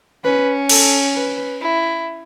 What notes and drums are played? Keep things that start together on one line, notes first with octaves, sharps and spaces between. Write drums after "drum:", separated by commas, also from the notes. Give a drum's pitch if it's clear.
C#4 B4
A4, drum: cymbal
B4
E4